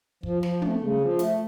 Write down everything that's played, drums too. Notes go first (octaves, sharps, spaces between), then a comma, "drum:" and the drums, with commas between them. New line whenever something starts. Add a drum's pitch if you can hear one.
F3, drum: kick
F3, drum: snare
A3, drum: tom
C#3
F3
A3, drum: hi-hat